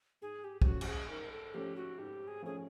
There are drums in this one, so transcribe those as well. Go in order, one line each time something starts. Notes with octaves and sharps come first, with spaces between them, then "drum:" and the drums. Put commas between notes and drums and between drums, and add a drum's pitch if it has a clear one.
G#2 G#4
G4
G4, drum: kick
F3 A3 C#4 F#4
G4, drum: cymbal
G#4
G#2 A#4
A4
F3 A3 C#4 G4
F#4
G#2 G4
G#4
F3 A3 C#4 G#4